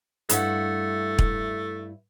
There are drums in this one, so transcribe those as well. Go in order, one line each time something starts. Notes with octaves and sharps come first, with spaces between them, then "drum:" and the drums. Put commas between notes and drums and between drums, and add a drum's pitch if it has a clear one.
G2 A3 E4 F#5, drum: hi-hat
drum: kick